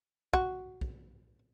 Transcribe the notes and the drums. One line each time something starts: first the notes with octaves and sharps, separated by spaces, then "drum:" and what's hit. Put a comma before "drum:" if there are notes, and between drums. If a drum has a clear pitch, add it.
F#4, drum: kick
drum: kick